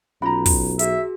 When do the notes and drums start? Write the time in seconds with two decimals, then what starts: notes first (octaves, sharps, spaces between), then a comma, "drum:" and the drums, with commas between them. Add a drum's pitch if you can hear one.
0.22 B1 C#4 F4 A#5 B5
0.46 drum: kick, open hi-hat
0.79 F#4 G#4 E5, drum: hi-hat